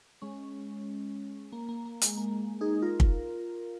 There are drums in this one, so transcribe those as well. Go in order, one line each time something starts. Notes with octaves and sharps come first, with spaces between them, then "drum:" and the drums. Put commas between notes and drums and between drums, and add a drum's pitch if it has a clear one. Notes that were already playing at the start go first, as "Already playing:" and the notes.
G#3 C#4
A#3
A#3
A#3
G#3, drum: hi-hat
A#3
D#4 G#4
F4 A#4
drum: kick